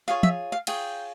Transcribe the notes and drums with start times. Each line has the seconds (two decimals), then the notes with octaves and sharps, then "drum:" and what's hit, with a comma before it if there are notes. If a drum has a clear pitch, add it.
0.08 F4 G#4 C#5 F5
0.23 E5, drum: tom
0.52 F5
0.67 F4 G#4 C#5 G5, drum: cymbal